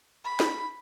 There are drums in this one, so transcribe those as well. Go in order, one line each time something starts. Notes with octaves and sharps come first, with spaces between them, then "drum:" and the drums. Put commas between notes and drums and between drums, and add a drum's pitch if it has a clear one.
B5
drum: snare